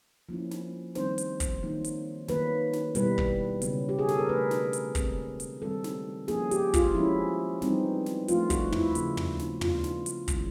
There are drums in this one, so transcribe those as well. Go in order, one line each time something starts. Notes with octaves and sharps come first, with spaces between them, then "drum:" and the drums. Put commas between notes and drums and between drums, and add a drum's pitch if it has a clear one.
F3 A#3 C#4 E4
drum: snare
D#3 G3 C4 D#4 C5, drum: snare
drum: hi-hat
drum: kick, hi-hat
D#3 F#3 A#3 D#4
drum: hi-hat
D#3 F#3 A#3 B4, drum: snare
drum: snare
B2 G3 B3 E4 B4, drum: hi-hat
drum: kick
C#3 F#3 B3, drum: hi-hat
G4
G#4
A4, drum: snare
A#4
E3 A3 D4 B4
drum: snare
drum: hi-hat
E3 G#3 C4, drum: kick, hi-hat
drum: hi-hat
D#3 G3 C4 A4
drum: snare
F3 A#3 C#4 E4 G#4, drum: snare
G4, drum: hi-hat
F4, drum: kick, hi-hat
F3 G#3 C#4 E4
E3 G3 C4 D#4, drum: snare
drum: snare
F3 A3 D4 F4, drum: hi-hat
F#4, drum: kick, hi-hat
E4, drum: tom
C#3 F3 A3 D4, drum: hi-hat
drum: tom
drum: snare
F#3 B3 D4 F4, drum: tom
drum: snare
drum: hi-hat
D#3 G#3 C#4 E4, drum: kick, hi-hat